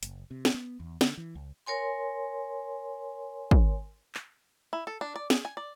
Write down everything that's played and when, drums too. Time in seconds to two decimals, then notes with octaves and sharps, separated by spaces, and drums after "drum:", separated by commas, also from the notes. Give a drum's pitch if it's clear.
0.03 F#1, drum: hi-hat
0.31 C3
0.45 drum: snare
0.54 B3
0.80 E2
1.01 D3, drum: snare
1.17 E3
1.35 C#2
1.66 A#4 C#5 G#5 C6
3.51 drum: kick
4.15 drum: clap
4.73 E4
4.87 A4
5.01 D4
5.16 D5
5.30 G#4, drum: snare
5.45 G#5
5.57 D5